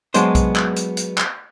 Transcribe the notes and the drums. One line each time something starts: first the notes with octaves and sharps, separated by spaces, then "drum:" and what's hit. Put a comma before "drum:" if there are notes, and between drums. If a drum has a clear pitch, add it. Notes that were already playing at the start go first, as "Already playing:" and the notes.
F#3 G#3 B3 D4 C5, drum: hi-hat
drum: kick B1, hi-hat
drum: clap
drum: hi-hat
drum: hi-hat
drum: clap